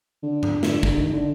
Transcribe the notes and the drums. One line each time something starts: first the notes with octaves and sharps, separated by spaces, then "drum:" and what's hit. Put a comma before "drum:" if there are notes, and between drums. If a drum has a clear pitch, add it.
D3
drum: tom G#2
drum: snare
D3, drum: kick
D#3
D3